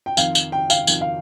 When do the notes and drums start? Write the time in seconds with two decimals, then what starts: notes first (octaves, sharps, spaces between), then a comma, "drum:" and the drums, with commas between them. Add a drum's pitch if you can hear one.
0.06 G5
0.17 F2 D#3 F5, drum: tambourine
0.35 drum: tambourine
0.52 G5
0.70 F5, drum: tambourine
0.87 F2 D#3, drum: tambourine
1.01 F5